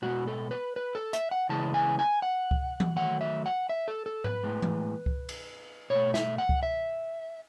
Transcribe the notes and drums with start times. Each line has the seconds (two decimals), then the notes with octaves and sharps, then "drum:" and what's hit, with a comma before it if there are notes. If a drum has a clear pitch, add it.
0.02 B2 G#3 B3 F#4
0.27 A4
0.51 B4
0.76 B4
0.95 A4
1.13 E5, drum: hi-hat
1.31 F#5
1.49 C#3 E3 G#3 B3 A5
1.74 G#5
1.99 G#5
2.22 F#5
2.51 drum: kick C#2
2.80 drum: tom E3
2.96 D#3 F#3 A3 F#5
3.21 E5
3.46 F#5
3.69 E5
3.88 A4
4.06 A4
4.24 B4, drum: tom G#2
4.43 A2 G#3 B3
4.62 drum: tom E3
5.06 drum: kick C#2
5.29 drum: cymbal
5.90 B2 A3 C#5
6.14 E5, drum: snare
6.38 F#5
6.49 drum: kick C#2
6.63 E5